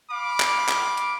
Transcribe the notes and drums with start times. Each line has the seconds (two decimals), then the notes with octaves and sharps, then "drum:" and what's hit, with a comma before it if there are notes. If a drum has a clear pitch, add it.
0.11 F5 B5 D6
0.40 drum: clap
0.69 drum: clap
0.97 drum: hi-hat